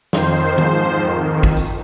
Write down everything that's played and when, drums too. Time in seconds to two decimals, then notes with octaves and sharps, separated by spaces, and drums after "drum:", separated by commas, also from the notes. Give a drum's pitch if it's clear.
0.13 F2 D#3 C5, drum: snare
0.58 G#2 F3 C5, drum: tom D#3
1.04 F2 D#3
1.43 drum: kick
1.57 drum: tambourine